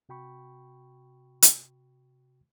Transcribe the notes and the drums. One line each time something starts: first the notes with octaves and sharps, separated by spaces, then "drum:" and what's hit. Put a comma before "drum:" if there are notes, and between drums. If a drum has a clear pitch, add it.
C3 F#4 G5 B5 C#6
drum: hi-hat